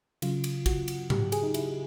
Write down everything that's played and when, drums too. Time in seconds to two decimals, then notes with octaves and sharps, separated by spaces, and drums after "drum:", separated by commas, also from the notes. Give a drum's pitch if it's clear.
0.22 C#3 F#3 F4, drum: cymbal
0.44 drum: cymbal
0.66 F#4, drum: kick, cymbal
0.88 drum: cymbal
1.10 G4, drum: tom G#2
1.32 G#4, drum: cymbal
1.43 D#4
1.54 E4, drum: cymbal